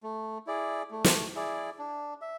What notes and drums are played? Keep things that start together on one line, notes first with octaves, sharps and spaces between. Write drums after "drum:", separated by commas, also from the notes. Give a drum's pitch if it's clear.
A3
E4 G#4 D5
A3
drum: snare
E4 G#4 D5
D4
E5